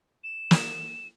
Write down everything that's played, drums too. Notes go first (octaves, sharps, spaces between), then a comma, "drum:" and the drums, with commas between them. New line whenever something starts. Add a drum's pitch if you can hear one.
E7
drum: snare